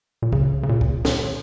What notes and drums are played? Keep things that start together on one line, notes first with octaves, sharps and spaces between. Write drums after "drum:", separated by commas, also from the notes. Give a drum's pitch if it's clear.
A#2
C#3, drum: kick
C#3
A#2
drum: kick
D#3, drum: snare